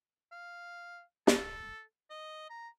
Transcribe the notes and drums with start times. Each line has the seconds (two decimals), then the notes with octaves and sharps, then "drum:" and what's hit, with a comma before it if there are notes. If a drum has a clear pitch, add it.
0.32 F5
1.27 A4, drum: snare
2.10 D#5
2.50 A#5